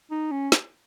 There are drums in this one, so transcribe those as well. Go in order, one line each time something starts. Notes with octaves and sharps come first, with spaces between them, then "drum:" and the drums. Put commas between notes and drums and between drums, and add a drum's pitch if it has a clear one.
D#4
C#4
drum: snare